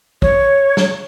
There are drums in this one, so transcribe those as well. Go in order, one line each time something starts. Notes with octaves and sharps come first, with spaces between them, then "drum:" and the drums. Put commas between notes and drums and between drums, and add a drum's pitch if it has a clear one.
C#5, drum: kick
drum: snare